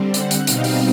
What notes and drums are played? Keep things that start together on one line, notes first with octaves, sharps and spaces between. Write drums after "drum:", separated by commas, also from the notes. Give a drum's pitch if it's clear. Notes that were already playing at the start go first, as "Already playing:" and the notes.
Already playing: D3 G3 C4
F#5, drum: hi-hat
drum: hi-hat
B2 G3 C4 D#4 F5, drum: hi-hat
drum: open hi-hat